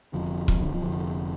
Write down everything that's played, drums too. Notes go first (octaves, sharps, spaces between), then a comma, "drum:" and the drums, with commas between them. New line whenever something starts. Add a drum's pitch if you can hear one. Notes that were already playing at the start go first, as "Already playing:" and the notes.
F1 F2 D3 F3
F3, drum: kick
D3
F3
F1 F2 D3